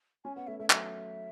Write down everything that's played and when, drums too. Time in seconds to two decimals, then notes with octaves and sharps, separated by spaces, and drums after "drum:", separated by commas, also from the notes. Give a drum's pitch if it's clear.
0.24 C#4 G#5
0.36 B3 F#5
0.47 A3 E5
0.59 A3 E5
0.70 F#3 E5, drum: clap